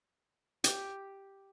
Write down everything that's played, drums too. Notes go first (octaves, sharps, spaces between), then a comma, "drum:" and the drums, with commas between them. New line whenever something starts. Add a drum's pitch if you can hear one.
G4, drum: hi-hat